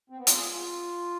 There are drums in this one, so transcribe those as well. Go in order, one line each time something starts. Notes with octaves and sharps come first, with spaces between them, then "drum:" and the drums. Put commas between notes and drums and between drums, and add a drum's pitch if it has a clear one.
C4
B3
F4, drum: hi-hat
G#4
F4